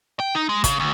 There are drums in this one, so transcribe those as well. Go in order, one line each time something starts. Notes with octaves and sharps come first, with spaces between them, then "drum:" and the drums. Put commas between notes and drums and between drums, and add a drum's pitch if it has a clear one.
G5
D#4
G#3
C#3, drum: kick, hi-hat
D2